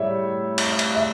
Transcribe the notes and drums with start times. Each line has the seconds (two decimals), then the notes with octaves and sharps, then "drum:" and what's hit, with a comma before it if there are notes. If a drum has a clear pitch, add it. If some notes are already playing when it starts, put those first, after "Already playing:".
Already playing: A2 G3 C#5 E5
0.58 drum: cymbal
0.79 drum: cymbal
0.95 E5